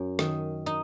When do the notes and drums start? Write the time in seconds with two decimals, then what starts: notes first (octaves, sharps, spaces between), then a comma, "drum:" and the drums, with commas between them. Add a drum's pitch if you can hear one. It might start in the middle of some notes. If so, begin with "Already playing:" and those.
Already playing: F#2
0.19 D#3, drum: rim click
0.66 D#4